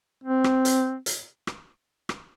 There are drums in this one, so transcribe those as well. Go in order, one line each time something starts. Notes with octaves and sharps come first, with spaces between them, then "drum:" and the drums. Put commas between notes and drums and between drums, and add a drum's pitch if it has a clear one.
C4
drum: rim click
drum: hi-hat
drum: hi-hat
drum: rim click
drum: rim click